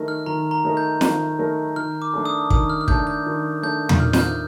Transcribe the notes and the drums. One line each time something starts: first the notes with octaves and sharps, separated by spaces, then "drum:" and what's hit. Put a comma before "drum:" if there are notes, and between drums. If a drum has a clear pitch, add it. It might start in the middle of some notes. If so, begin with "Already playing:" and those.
Already playing: D#3 A3 D#4 A#4
F6
D#3 A#5
A#5
A3 D#4 A#4
G6
D#3, drum: snare
A3 D#4 A#4
D#3 F6
D6
A3 D4 A4
D#6
D#3 D#6, drum: kick
F6
F6
A3 D4 A4 G6, drum: kick
G6
D#3
A3 D4 A4 G6
drum: tom
D#3 F6
G6, drum: snare
F6